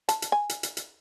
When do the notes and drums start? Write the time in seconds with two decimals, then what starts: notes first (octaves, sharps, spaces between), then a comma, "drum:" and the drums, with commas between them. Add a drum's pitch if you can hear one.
0.09 A5, drum: hi-hat
0.22 drum: hi-hat
0.32 G#5
0.49 drum: hi-hat
0.63 drum: hi-hat
0.77 drum: hi-hat